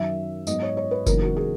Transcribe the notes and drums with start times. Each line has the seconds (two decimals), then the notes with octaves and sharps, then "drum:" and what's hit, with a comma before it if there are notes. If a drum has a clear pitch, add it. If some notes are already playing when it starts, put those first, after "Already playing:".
Already playing: F#2 D#3 F#3 E5
0.47 G#2 F#3 B3 D#4 D#5, drum: tambourine
0.62 C#5
0.77 C#5
0.91 B4
1.07 E2 C#3 F#3 A#3 D#4 A#4, drum: kick F#1, tambourine
1.21 F#4
1.37 G#4